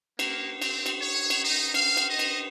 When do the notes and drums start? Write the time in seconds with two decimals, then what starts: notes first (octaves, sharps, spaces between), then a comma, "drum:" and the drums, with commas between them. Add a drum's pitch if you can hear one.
0.19 A#3, drum: cymbal
0.62 C4, drum: cymbal
0.86 drum: cymbal
1.01 C#5
1.30 drum: cymbal
1.44 D#4
1.74 F5, drum: cymbal
1.97 drum: cymbal
2.09 D#5
2.19 drum: cymbal